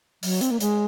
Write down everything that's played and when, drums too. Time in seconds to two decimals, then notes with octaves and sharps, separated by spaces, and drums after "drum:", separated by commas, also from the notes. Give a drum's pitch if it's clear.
0.23 F#3, drum: open hi-hat
0.41 C4, drum: hi-hat
0.51 A#3
0.61 G#3, drum: hi-hat